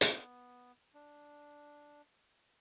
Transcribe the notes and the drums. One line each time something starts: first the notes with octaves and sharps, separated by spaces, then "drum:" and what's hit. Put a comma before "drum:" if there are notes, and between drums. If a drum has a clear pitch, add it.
B3, drum: hi-hat
D4